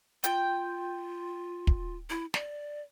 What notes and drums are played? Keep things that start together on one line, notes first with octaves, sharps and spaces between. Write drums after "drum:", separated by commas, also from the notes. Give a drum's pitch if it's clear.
F4 G5, drum: hi-hat
drum: kick
E4
D5, drum: snare